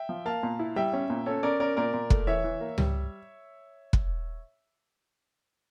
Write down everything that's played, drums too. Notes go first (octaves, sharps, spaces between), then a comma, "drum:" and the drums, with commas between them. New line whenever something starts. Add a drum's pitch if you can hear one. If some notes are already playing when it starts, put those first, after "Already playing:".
Already playing: E5 G5
F3
A#3 F5 A5
A#2
E4
G3 E5 G5
C#4
A#2
C#4 A4 C#5
C#4 A#4 D5
C#4 A#4 D5
A#2 A#4 D5
A#2
A3, drum: kick
E3 C#5 E5
E3
A#3
G3, drum: tom C#2
drum: kick